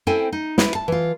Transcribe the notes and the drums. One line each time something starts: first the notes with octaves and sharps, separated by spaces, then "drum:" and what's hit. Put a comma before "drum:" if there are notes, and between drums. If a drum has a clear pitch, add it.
C4 E4 A4 C5 G5 G#5
D#4
E4 B4, drum: snare
A5
E3 F4